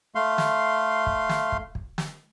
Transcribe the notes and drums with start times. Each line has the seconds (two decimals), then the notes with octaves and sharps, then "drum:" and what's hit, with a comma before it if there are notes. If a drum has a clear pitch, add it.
0.15 A3 F5 C6
0.38 drum: snare
1.07 drum: kick
1.29 drum: snare
1.52 drum: kick
1.75 drum: kick
1.98 drum: snare